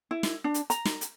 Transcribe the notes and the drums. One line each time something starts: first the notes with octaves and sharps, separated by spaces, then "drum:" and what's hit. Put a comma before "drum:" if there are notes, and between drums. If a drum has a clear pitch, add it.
E4
drum: snare
D4
drum: hi-hat
A#5, drum: hi-hat
drum: snare
drum: hi-hat